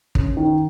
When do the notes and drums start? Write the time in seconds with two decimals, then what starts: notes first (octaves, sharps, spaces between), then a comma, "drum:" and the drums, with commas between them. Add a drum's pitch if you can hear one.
0.15 C#4, drum: kick
0.37 D#3